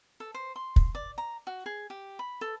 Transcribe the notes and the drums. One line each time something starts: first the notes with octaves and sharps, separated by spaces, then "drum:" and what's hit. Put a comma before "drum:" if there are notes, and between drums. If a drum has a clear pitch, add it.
A4
C5
C6
drum: kick
D5
A#5
F#4
G#4
G4
B5
A4